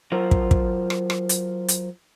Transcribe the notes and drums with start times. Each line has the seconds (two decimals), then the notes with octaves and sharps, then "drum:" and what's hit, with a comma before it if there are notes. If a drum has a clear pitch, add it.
0.12 F#3 F4 A#4 C5
0.31 drum: kick
0.51 drum: kick
0.90 drum: rim click
1.10 drum: rim click
1.29 drum: hi-hat
1.68 drum: hi-hat